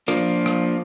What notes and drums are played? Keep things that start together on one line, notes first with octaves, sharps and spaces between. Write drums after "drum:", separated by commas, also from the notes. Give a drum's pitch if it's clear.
F3 A#3 D4, drum: rim click
drum: rim click